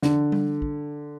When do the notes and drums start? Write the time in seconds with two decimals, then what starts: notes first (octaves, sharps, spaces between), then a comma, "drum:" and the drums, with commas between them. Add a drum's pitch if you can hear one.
0.02 D3, drum: snare
0.32 drum: tom G3
0.62 drum: kick